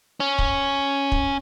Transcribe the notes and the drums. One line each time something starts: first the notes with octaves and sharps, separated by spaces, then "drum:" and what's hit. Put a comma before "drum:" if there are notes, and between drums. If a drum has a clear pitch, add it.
C#4
drum: kick
drum: kick